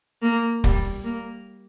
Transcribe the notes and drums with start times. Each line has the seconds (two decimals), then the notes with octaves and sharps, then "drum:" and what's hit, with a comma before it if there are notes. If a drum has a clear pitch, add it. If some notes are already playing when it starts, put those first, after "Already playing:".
0.22 A#3
0.64 G3, drum: kick
1.04 A#3